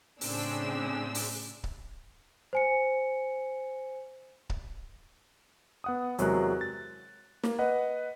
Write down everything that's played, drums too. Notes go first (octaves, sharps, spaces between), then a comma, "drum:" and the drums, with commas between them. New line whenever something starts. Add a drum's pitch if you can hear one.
A2 C#3 C4 D4 G#4 E6, drum: open hi-hat
drum: open hi-hat
drum: kick C#1
C5 G#5 C#7
drum: kick C#1
B3 F#5 D#6
E2 C3 F#3 G#3 A#4 F#6, drum: hi-hat
A6
A#3, drum: snare
B4 D#5 F#5